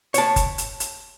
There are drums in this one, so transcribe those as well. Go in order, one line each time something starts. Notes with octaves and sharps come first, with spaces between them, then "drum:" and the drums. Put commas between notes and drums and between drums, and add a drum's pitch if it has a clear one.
C#5 A5, drum: hi-hat
drum: kick F#1, hi-hat
drum: hi-hat
drum: hi-hat